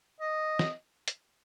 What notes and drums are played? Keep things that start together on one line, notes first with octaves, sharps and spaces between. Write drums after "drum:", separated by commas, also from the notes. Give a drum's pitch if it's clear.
D#5
drum: snare
drum: hi-hat